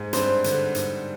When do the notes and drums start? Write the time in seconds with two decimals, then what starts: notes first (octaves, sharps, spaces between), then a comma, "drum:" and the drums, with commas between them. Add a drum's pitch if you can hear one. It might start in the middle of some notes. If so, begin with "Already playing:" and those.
Already playing: G#2
0.13 G2 C4 C5, drum: hi-hat
0.44 D3, drum: hi-hat
0.75 G2, drum: hi-hat